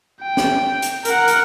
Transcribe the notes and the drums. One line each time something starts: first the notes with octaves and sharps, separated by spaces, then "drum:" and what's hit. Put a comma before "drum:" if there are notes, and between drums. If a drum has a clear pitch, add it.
G5
drum: snare
drum: hi-hat
A#4 F#5, drum: hi-hat
drum: hi-hat